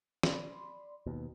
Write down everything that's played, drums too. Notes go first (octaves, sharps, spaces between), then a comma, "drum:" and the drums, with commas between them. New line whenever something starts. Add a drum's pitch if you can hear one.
D5 B5 C6, drum: snare
D#2 B2